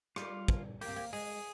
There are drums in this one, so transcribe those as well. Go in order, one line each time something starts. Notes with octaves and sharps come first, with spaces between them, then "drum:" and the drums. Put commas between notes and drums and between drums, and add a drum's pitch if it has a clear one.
G3 F4, drum: rim click
drum: kick
A#3 G4, drum: open hi-hat
C4
A#3
G#3 G#4, drum: open hi-hat